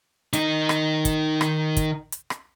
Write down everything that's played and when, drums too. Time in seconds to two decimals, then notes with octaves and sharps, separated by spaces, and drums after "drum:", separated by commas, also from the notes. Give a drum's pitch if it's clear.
0.33 D#3 D#4, drum: hi-hat
0.69 drum: rim click
1.05 drum: kick, hi-hat
1.41 drum: rim click
1.77 drum: kick, hi-hat
2.12 drum: hi-hat
2.30 drum: rim click